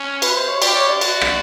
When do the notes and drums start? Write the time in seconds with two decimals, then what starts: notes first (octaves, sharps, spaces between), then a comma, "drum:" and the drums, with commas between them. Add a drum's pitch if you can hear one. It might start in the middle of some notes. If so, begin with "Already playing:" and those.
Already playing: C#4
0.22 B4, drum: cymbal
0.36 C5
0.49 C#5
0.62 G4 D5, drum: cymbal
0.75 C#5
0.89 D5
1.01 F#4, drum: cymbal
1.21 drum: rim click